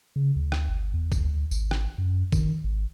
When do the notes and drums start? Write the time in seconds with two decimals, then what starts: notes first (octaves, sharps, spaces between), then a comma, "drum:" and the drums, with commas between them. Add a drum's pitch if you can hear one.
0.16 C#3
0.36 D2
0.52 drum: rim click
0.69 G1
0.94 E2
1.12 drum: kick G#1, tambourine
1.21 D2
1.51 G#1, drum: tambourine
1.71 drum: rim click
1.98 F#2
2.32 D#3, drum: kick G#1, tambourine
2.64 G#1